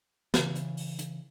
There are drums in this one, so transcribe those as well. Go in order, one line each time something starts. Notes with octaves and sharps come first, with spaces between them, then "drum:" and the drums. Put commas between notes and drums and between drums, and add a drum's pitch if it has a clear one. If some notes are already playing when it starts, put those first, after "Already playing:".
C#3 E3, drum: snare
drum: hi-hat
drum: open hi-hat
drum: hi-hat